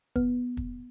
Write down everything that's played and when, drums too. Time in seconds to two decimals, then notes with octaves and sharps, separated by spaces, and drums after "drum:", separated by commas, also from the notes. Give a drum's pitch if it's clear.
0.16 B3, drum: kick
0.57 drum: kick